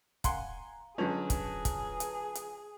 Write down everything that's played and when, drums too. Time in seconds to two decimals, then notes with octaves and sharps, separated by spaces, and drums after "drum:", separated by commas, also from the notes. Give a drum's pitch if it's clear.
0.24 F5 F#5 G#5 A#5 C6, drum: kick, hi-hat
0.98 D3 F#3 C#4 F4 G#4 B4 A5
1.30 drum: kick, hi-hat
1.65 drum: kick, hi-hat
2.00 drum: hi-hat
2.35 drum: hi-hat